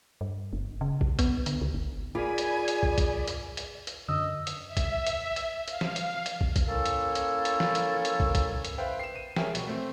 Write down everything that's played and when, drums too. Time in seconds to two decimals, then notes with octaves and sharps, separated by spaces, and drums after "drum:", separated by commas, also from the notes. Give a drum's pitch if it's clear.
0.21 G2
0.53 F#1
0.81 C#3
1.01 B1, drum: kick
1.19 B3, drum: kick, hi-hat
1.46 D3, drum: hi-hat
1.61 C#2
1.74 G1
2.15 F4 G#4 A#4 D5 G#5 B5
2.38 drum: hi-hat
2.68 drum: hi-hat
2.83 drum: kick
2.98 drum: kick, hi-hat
3.28 drum: hi-hat
3.57 drum: hi-hat
3.87 drum: hi-hat
4.09 F#2 D3 D#5 E6
4.47 drum: hi-hat
4.66 E5
4.77 drum: kick, hi-hat
5.07 drum: hi-hat
5.36 drum: hi-hat
5.68 F5, drum: hi-hat
5.81 drum: snare
5.96 drum: hi-hat
6.26 drum: hi-hat
6.41 drum: kick
6.56 drum: kick, hi-hat
6.67 A#3 C#4 E4 A4
6.86 drum: hi-hat
7.15 drum: hi-hat
7.45 drum: hi-hat
7.60 drum: snare
7.75 drum: hi-hat
8.05 drum: hi-hat
8.20 drum: kick
8.35 drum: kick, hi-hat
8.65 drum: hi-hat
8.78 B4 C5 E5 F5 G5
9.00 C7 E7
9.15 D#7
9.36 G#4 A#4 C#5 E5 G5, drum: snare
9.55 B2, drum: hi-hat
9.67 A3 C4